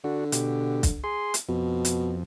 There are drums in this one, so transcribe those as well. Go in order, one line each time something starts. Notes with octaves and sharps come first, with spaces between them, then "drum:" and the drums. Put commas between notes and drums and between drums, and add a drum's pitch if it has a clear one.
D3 D4 F#4
B2 G4, drum: hi-hat
drum: kick, hi-hat
G#4 C6
drum: hi-hat
F2 B2
drum: hi-hat